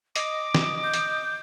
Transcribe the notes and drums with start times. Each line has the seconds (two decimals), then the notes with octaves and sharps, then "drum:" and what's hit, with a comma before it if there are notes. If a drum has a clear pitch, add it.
0.16 D#5 D6, drum: hi-hat
0.55 drum: snare
0.84 G6
0.94 drum: hi-hat